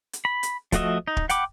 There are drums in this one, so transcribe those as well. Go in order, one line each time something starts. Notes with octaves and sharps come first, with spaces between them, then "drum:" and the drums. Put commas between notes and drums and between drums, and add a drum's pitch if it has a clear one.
drum: hi-hat
B5
drum: hi-hat
F3 A3 F#4 D#5 E5, drum: kick, hi-hat
D#4
drum: kick
F#5 G5 B5 D6, drum: hi-hat